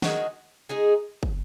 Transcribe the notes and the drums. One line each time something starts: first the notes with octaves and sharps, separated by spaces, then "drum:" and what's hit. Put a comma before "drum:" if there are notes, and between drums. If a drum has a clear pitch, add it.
D#3 G#3 D#4 F#4, drum: snare
G#3 D#4 G#4
drum: kick